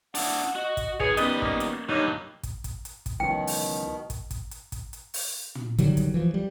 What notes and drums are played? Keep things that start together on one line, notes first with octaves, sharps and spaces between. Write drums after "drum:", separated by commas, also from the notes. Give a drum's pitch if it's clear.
D4 E4 F#5, drum: open hi-hat
F#4 D#5
drum: kick, hi-hat
D#3 G#4 B4 C#5 G#5, drum: kick
D#3 G3 B3 C#4 G4 D#5, drum: hi-hat
A#3 B3 C#4, drum: kick
drum: hi-hat
G2 F#3 G3 A#3 D#4 C#5
drum: kick, hi-hat
drum: kick, hi-hat
drum: hi-hat
drum: kick, hi-hat
C#2 B2 D#3 E3 F#3 G5
drum: open hi-hat
drum: kick, hi-hat
drum: kick, hi-hat
drum: hi-hat
drum: kick, hi-hat
drum: hi-hat
drum: open hi-hat
drum: tom
D3 D#3 F#3 G3, drum: kick, hi-hat
drum: kick, hi-hat
E3 F3
G3